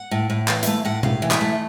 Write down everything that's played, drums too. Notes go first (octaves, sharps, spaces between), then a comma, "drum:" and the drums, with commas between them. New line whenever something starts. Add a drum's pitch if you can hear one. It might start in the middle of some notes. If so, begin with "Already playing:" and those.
Already playing: F#5
A2
A2
E3 F5, drum: clap
E5, drum: hi-hat
A3 F5
A2 F#5
A2 F5, drum: tom B2
E3
E5, drum: clap
A3